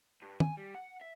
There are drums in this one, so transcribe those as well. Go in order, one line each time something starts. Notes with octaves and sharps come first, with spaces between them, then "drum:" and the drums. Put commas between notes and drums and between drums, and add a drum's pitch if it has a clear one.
G2
G#5, drum: tom
G3
F#5
E5